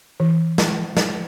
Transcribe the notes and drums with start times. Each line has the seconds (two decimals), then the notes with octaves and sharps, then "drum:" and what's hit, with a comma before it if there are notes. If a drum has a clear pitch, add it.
0.20 E3
0.58 drum: snare
0.97 drum: snare